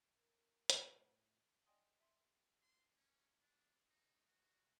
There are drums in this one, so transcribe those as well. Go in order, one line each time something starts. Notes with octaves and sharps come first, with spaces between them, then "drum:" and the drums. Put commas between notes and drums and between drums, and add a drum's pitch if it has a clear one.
A#4
drum: hi-hat
A2
D5 D#5 G5 G#5 C6 D#6
E5 C6
C6
C#4
D4
D#4
F#4